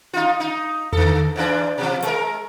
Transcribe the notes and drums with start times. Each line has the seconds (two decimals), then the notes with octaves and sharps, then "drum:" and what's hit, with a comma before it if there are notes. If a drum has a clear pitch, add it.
0.13 D#4 F4
0.40 D#4
0.93 D3 A4, drum: tom E2
1.36 G#2 E3 D4
1.78 B2 F3
2.02 G#3 A#4, drum: hi-hat